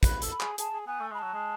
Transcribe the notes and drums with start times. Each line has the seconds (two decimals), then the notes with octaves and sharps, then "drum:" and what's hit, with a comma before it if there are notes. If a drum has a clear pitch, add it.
0.03 B4 B5, drum: kick, hi-hat
0.22 A4, drum: hi-hat
0.31 B5
0.40 G#4, drum: clap
0.58 G#4 A5, drum: hi-hat
0.73 G#4
0.87 B3 G#5
1.00 A3
1.11 G#3 B5
1.19 F#3 A5
1.34 G#3